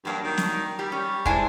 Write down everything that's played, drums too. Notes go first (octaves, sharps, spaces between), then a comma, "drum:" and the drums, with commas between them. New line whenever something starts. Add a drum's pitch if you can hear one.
G2 F#3 A#3 D4
D#3
drum: snare
G3 G4
C#4
G#3 D4 E4 C5 G#5, drum: kick